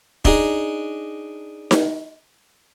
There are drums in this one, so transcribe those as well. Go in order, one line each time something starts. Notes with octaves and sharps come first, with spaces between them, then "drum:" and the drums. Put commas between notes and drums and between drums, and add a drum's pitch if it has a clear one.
D4 D#4 G#4, drum: kick
drum: snare D#4